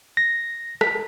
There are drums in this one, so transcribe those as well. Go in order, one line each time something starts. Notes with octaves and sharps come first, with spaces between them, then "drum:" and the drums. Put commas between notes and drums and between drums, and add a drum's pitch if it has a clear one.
A#6
B6, drum: rim click